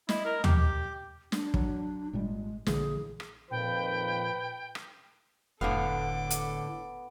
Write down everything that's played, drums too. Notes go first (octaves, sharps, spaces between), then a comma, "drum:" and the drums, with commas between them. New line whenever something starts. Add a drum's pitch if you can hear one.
E4 D#5, drum: snare
A#4
G4, drum: tom D#2
D6
D4, drum: snare
F#3, drum: kick
G#1 A#2 G3 G#3
A#1 D3 E3 G#4, drum: snare
drum: rim click
F2 A#2 D#3 F3 B4 G5
drum: rim click
F1 A2 D3 B3 A4 F5 D6
drum: hi-hat